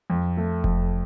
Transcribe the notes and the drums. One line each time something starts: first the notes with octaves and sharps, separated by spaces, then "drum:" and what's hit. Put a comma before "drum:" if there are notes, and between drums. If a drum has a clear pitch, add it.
F2
A3
F2, drum: kick F1